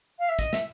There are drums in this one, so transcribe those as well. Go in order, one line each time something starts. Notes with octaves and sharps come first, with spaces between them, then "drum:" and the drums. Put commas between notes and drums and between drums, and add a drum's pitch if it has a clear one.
F5
E5
D#5, drum: kick, hi-hat
E5, drum: snare